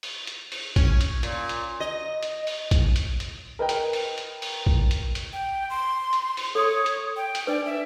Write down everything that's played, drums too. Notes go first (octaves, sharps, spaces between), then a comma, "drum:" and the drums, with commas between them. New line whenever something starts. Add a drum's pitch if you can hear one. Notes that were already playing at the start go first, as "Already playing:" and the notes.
drum: open hi-hat
drum: hi-hat
drum: open hi-hat
C#4, drum: kick, hi-hat
drum: hi-hat
A#2, drum: hi-hat
drum: hi-hat
D#5
drum: hi-hat
drum: open hi-hat
drum: kick, hi-hat
drum: hi-hat
drum: hi-hat
A#4 B4 D#5 G5
drum: hi-hat
drum: open hi-hat
drum: hi-hat
drum: open hi-hat
drum: kick
drum: hi-hat
drum: hi-hat
G5
C6
drum: hi-hat
drum: open hi-hat
A4 C#5 D#6
drum: hi-hat
G5
drum: hi-hat
D4 B4 D5
E5